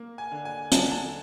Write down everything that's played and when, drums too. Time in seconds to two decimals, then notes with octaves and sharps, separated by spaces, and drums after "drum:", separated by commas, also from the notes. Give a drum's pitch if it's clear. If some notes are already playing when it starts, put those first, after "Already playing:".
Already playing: A#3
0.18 G#5
0.32 D3
0.45 G#5
0.72 D3 A5, drum: hi-hat
0.92 A5